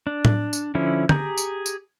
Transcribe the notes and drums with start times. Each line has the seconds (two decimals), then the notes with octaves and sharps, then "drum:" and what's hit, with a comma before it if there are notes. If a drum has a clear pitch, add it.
0.07 D4
0.25 drum: tom A2
0.53 drum: tambourine
0.75 D3 F3 C#4 E4
1.09 G4 G#4 A#5 G6, drum: tom D3
1.38 drum: tambourine
1.66 drum: tambourine